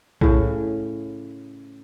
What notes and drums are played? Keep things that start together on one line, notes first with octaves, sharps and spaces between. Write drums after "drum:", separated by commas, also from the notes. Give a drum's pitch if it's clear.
A2 C#3, drum: kick A#1